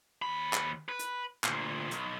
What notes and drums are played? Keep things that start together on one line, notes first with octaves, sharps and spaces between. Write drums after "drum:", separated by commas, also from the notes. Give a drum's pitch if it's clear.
D#2 B5
drum: clap
B4
drum: hi-hat
D2 A#2, drum: clap
B1, drum: hi-hat